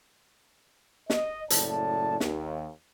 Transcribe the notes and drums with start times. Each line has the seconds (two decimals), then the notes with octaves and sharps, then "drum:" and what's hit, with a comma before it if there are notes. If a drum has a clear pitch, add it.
1.10 D#5, drum: snare
1.50 F#1 A2 D5 A5, drum: hi-hat
2.20 D#2, drum: snare